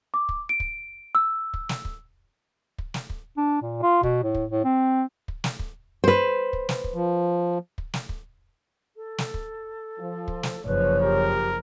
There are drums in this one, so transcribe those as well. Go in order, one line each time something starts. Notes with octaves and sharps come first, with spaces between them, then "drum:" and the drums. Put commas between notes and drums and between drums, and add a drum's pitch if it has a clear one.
D6
drum: kick
D7
drum: kick
E6
drum: kick
drum: snare
drum: kick
drum: kick
drum: snare
drum: kick
D4
A#2
F4
B2, drum: kick
A2
drum: kick
A2
C4
drum: kick
drum: snare
drum: kick
B4 C5
drum: kick
drum: snare
drum: kick
F3
drum: kick
drum: snare
drum: kick
A4
drum: snare
drum: kick
F3
drum: kick
drum: snare
F#1 F3 B4 C#5
G4 A#4